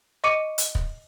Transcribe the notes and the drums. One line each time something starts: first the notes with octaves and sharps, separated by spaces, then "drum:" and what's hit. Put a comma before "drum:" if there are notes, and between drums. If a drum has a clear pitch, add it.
D#5 C#6 D6 C#7 D#7
drum: hi-hat
drum: kick